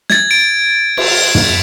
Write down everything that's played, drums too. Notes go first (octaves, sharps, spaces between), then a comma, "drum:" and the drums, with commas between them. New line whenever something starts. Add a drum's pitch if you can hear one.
G#6 A6, drum: snare
D7
drum: cymbal
drum: tom